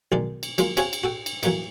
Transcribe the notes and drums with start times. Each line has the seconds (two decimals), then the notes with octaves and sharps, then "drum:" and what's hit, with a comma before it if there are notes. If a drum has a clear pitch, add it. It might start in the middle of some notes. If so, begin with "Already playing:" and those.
0.12 B1 D#3 G#3 D#4 D5
0.43 drum: cymbal
0.58 F#3 G#3 A#3 F4, drum: cymbal
0.77 C4 F#4 G#4 C#5 F5 G#5, drum: cymbal
0.93 drum: cymbal
1.04 F#4 A4 G5
1.26 drum: cymbal
1.43 E3 F#3 A3 A#3 D#4, drum: cymbal